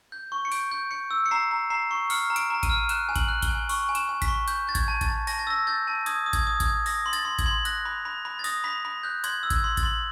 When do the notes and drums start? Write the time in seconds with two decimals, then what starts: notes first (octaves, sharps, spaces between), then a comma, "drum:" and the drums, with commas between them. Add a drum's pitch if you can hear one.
0.12 G6
0.32 C#6
0.45 C#7
0.52 G6 D7, drum: open hi-hat
0.72 G6
0.91 G6 C#7
1.11 E6
1.26 C#7
1.31 A#5 C7
1.51 A#5
1.70 A#5 C7
1.91 C#6
2.10 F6 C#7, drum: open hi-hat
2.30 A#5
2.36 D7, drum: hi-hat
2.50 A#5
2.63 D#7, drum: kick A1, hi-hat
2.70 F6
2.89 F#6 E7, drum: hi-hat
3.09 G#5
3.16 F#7, drum: kick A1, hi-hat
3.29 F#6
3.42 G7, drum: kick A1, hi-hat
3.49 G#5
3.69 C#6, drum: open hi-hat
3.89 G#5
3.95 E7, drum: hi-hat
4.09 G#5
4.22 B6, drum: kick A1, hi-hat
4.28 C#6
4.48 G6, drum: hi-hat
4.67 G6 A6
4.75 G#6, drum: kick A1, hi-hat
4.88 A5
5.01 A6, drum: kick A1, hi-hat
5.08 A5
5.27 A5 A#6, drum: open hi-hat
5.39 A6
5.47 E6 A#6
5.67 G6 A6
5.87 A5
6.06 D#6 G#6, drum: hi-hat
6.26 D#6
6.33 G#6, drum: kick A1, hi-hat
6.47 D#6
6.60 G#6, drum: kick A1, hi-hat
6.66 D#6
6.86 D#6 A#6, drum: open hi-hat
7.06 C6
7.13 A6, drum: hi-hat
7.25 C6
7.39 G#6, drum: kick A1, hi-hat
7.46 C6
7.65 F#6 A#6, drum: hi-hat
7.85 B5
8.05 B5
8.25 B5
8.39 A6
8.44 D#6 A#6, drum: open hi-hat
8.64 B5 B6
8.85 B5
9.03 F#6 G6
9.24 C6 G#6, drum: hi-hat
9.43 E6
9.50 G#6, drum: kick A1, hi-hat
9.64 C6
9.77 A6, drum: kick A1, hi-hat
9.83 C6